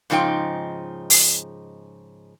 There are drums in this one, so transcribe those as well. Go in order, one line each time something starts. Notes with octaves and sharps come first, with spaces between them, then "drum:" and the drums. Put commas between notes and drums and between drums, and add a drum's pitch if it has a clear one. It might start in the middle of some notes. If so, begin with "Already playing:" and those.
G#2 C#3 F3 D#4 G5
drum: open hi-hat